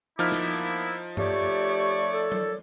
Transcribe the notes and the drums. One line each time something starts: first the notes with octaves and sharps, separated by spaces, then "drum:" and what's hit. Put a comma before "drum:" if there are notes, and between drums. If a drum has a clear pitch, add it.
F3 A#3 B3 D#4 E4 D6 F6
drum: snare
A3 G4 C#5 D5 C#6 D6, drum: tom G2
A4
drum: tom F#3